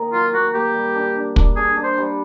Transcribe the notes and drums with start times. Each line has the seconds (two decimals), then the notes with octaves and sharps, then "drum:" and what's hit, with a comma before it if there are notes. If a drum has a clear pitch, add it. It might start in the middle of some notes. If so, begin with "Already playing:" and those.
Already playing: D#3 A#3
0.13 F#3 F4
0.34 A#3 F#4
0.54 A#3 G4
0.74 G3
0.95 D4
1.16 D4
1.36 D4, drum: kick
1.56 D4 G#4
1.76 D4
1.83 C5
1.98 G3